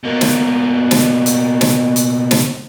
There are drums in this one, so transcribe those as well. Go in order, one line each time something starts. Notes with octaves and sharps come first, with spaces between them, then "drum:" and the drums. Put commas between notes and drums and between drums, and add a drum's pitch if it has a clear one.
B2 A#3
drum: snare
drum: snare
drum: hi-hat
drum: snare
drum: hi-hat
drum: snare